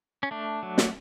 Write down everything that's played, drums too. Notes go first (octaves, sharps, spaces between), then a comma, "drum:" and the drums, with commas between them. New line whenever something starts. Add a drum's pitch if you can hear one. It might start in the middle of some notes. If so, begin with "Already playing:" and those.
C#4
A3 D4
F#3
drum: snare